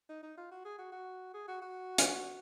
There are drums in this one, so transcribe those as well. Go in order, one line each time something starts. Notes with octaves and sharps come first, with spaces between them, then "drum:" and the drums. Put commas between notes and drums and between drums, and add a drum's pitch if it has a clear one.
D#4
D#4
F4
F#4
G#4
F#4
F#4
G#4
F#4
F#4
drum: hi-hat